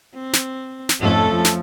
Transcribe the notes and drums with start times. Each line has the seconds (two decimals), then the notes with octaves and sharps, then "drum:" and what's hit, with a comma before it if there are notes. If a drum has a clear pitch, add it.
0.15 C4
0.33 drum: snare
0.89 drum: snare
1.00 F2 G#2 A3 C#4 A4
1.30 F3
1.45 drum: snare